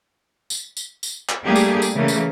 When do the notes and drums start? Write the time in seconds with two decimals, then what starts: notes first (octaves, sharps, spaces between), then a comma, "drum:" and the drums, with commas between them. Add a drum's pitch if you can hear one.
0.50 drum: tambourine
0.77 drum: tambourine
1.03 drum: tambourine
1.29 drum: clap
1.45 G3 A3 A#3 D4 G4 G#4
1.56 drum: tambourine
1.82 drum: tambourine
1.95 C#3 E3 A3 A#3
2.08 drum: tambourine